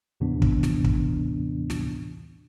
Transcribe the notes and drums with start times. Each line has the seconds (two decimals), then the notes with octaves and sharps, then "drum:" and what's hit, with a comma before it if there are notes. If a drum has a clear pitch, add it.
0.20 D#2 A2 C3 E3 B3 D4
0.42 drum: kick
0.63 drum: snare
0.84 drum: kick
1.70 drum: snare